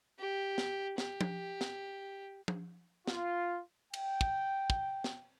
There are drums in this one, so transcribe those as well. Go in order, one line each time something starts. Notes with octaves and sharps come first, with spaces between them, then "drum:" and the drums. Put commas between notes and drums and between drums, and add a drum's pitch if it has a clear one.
G4
drum: snare
G4, drum: snare
drum: tom F3
drum: snare
drum: tom F3
F4, drum: snare
G5, drum: cymbal
drum: kick
drum: kick
drum: snare